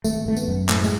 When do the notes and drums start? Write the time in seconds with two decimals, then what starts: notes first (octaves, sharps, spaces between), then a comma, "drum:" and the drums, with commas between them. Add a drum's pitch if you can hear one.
0.04 G#1 A3, drum: tambourine
0.26 G#1 A3
0.37 B3, drum: tambourine
0.48 F#2
0.69 A2 A3, drum: clap
0.84 G#3, drum: tambourine